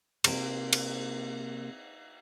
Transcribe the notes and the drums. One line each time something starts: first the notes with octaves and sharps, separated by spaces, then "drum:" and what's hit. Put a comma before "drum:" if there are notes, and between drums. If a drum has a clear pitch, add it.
C3 A#3, drum: cymbal
drum: cymbal